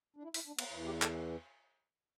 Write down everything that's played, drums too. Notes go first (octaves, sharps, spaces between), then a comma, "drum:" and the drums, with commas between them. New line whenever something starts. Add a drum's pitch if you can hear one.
D4
E4
E4, drum: open hi-hat
D4
B3, drum: cymbal
E2 E3 E4
G4
A4, drum: clap